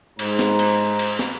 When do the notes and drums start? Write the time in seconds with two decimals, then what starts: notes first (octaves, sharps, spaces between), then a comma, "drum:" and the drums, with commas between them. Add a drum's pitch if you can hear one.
0.19 G#2 C5 A#5, drum: cymbal
0.39 drum: snare
0.59 drum: cymbal
0.99 drum: cymbal
1.19 drum: snare